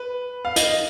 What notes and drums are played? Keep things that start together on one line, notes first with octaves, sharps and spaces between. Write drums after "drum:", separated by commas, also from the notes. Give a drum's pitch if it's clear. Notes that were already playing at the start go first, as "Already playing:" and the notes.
Already playing: B4
F5
D#5, drum: hi-hat